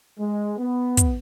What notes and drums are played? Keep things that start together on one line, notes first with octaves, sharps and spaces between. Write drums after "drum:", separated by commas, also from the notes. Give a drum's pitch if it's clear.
G#3
B3
drum: kick, hi-hat